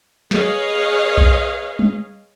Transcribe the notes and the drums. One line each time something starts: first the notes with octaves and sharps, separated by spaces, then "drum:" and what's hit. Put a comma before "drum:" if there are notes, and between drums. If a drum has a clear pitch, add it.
G#4 B4 C#5 D#5 F5, drum: snare
drum: kick B1
drum: tom G3